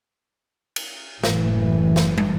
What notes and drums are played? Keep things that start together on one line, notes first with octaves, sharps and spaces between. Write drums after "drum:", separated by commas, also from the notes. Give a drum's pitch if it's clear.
drum: cymbal
F#1 A2 E3, drum: snare
drum: snare
drum: tom